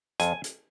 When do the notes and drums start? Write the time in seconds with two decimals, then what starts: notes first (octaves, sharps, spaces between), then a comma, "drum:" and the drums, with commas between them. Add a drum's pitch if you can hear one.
0.20 F2 G#5, drum: hi-hat
0.44 drum: hi-hat